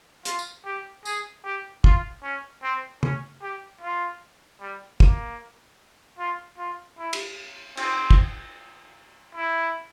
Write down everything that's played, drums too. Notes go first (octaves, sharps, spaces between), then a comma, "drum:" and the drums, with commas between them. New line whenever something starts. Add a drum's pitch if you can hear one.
F4, drum: hi-hat
drum: tambourine
G4
G#4, drum: tambourine
G4
F4, drum: kick
C#4
C4
C#4, drum: tom C#3
G4
F4
G3
A#3, drum: kick
F4
F4
E4
drum: cymbal
C4, drum: cymbal
drum: kick
E4